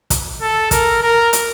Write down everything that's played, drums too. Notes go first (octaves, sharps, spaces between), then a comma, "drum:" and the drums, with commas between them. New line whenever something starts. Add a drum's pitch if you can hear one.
drum: kick, hi-hat
A4
A#4, drum: kick, hi-hat
A#4
drum: hi-hat